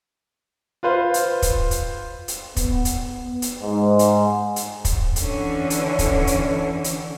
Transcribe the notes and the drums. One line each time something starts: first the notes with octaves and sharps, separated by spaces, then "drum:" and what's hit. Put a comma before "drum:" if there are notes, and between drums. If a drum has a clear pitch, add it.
F4 B4 C5 F5
drum: hi-hat
drum: kick, hi-hat
drum: hi-hat
drum: hi-hat
B3, drum: kick, hi-hat
drum: hi-hat
drum: hi-hat
G#2
drum: hi-hat
drum: hi-hat
drum: kick, hi-hat
D3 E3 C#4, drum: hi-hat
drum: hi-hat
drum: kick, hi-hat
drum: hi-hat
drum: hi-hat